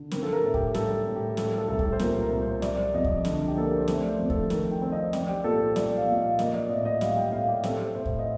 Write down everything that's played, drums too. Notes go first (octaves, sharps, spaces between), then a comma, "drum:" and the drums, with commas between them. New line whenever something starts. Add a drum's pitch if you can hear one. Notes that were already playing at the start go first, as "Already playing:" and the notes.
Already playing: D3
C4 A#4, drum: snare
A4
A#4
A2
G4, drum: kick
G3 A4, drum: snare
A2
G4
G3 A4, drum: snare
A4
C2 A4
G4, drum: kick
C5
A#2 A#4, drum: snare
A#4
C2
C5
G3 D5, drum: snare
F2 D#5
drum: kick
D3, drum: snare
G4
A#3 A4
A#4
C5
A3 D5, drum: snare
C5
F2
A4, drum: kick
D#3 A#4, drum: snare
G5
C4
D#5
C4 D5, drum: snare
G4
A#2 A4
C5
G3 D5, drum: snare
F5
A#2
D#5
F5
A#3 D#5, drum: snare
D5
A2 D#5
D#5
G3 F5, drum: snare
G5
A2 F5
G4
C4 A4, drum: snare
A2 C5
drum: kick
D#5